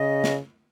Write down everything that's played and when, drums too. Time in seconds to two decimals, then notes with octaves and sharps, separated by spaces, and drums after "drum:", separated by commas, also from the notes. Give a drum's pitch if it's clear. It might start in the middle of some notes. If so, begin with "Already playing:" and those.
Already playing: C#3 D#5
0.24 drum: snare